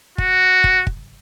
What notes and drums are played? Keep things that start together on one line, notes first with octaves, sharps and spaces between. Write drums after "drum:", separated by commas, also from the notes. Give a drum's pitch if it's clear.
F#4, drum: kick
drum: kick
drum: kick